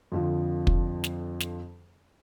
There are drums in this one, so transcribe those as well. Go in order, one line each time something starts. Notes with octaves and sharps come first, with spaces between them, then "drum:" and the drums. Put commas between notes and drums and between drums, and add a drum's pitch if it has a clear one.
F2 D3 F3
drum: kick
drum: snare
drum: snare